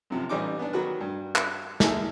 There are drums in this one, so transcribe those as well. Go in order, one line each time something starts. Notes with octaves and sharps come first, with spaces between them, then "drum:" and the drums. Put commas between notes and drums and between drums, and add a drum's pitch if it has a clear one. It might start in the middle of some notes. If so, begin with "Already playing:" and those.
F#2 C3 F3
A1 E3 G3 D#4 D6
B3 D4
D#3 F#3 F#4 B4
G2
drum: clap
A#3 E4 G#4 A4, drum: snare